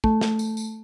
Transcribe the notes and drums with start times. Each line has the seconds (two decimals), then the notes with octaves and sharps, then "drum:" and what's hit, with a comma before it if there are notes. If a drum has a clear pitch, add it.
0.04 A3, drum: kick
0.21 drum: snare
0.39 drum: tambourine
0.57 drum: tambourine